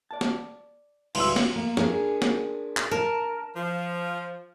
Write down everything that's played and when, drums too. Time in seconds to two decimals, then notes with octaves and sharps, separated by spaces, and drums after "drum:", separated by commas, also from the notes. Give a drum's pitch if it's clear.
0.11 D5 A5
0.21 drum: snare
1.15 D2 G3 G#3 E4 B4 F5 C6 E6, drum: cymbal
1.36 drum: snare
1.56 A#3
1.77 D4 G#4 A#4, drum: snare
2.22 drum: snare
2.77 drum: clap
2.91 A#4 A5
3.56 F3